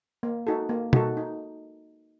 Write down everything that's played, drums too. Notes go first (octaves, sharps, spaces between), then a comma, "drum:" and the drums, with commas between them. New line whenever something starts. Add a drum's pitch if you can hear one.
A#3
D#4 F#4 A4
A#3
D#4 F#4 A4, drum: tom
D#4